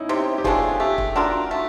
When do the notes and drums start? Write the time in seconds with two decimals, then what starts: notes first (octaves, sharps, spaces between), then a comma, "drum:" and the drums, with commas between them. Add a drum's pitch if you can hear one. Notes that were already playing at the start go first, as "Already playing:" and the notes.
Already playing: C#4 D#4 E4
0.09 C3 G4
0.38 G4
0.44 F3 A3 D4 G#4, drum: kick
0.80 A3 G4
0.98 drum: kick
1.15 D4 F4 F#4 A#4
1.51 A3